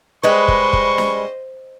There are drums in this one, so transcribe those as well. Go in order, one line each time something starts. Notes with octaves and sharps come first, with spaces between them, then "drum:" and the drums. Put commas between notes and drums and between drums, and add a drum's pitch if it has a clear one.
G3 G#3 B4 C5 D#5 C#6
drum: kick
drum: kick
drum: snare